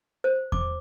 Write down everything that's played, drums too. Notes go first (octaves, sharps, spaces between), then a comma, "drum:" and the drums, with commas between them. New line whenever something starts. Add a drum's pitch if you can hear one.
C5
D6, drum: kick E2